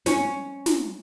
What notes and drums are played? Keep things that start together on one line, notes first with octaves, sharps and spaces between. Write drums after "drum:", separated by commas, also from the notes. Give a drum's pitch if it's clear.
C#4, drum: snare
drum: snare